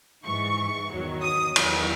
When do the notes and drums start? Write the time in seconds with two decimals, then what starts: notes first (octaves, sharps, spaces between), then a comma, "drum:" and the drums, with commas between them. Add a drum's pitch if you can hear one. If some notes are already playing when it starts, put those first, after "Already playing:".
0.25 G#2 E3 C#6
0.90 E2 D#3 F#3
1.23 D#6
1.56 E2 D#3 F#3, drum: cymbal